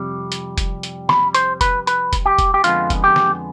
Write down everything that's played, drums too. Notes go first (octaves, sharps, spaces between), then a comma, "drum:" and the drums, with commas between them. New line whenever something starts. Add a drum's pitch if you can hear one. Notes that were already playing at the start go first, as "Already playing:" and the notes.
Already playing: F2 C3 G3
drum: hi-hat
drum: kick F1, hi-hat
drum: hi-hat
B5, drum: snare
C5, drum: hi-hat
B4, drum: kick F1, hi-hat
B4, drum: hi-hat
drum: kick F1, hi-hat
G4
drum: kick F1, hi-hat
G4
F2 D3 G#3 B3 F4, drum: hi-hat
drum: kick F1, hi-hat
G4
drum: snare